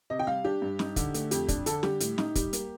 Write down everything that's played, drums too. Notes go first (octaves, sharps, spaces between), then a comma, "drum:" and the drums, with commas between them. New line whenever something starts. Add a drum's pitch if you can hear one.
C3 D#5
G5
G3 F5
D4 G4
G2
D#4, drum: snare
D3, drum: kick, hi-hat
A3, drum: hi-hat
F2 G4, drum: hi-hat
D4, drum: kick, hi-hat
D3 A4, drum: hi-hat
G3 G4, drum: snare
A2, drum: hi-hat
D#4, drum: snare
G3, drum: kick, hi-hat
A#3, drum: hi-hat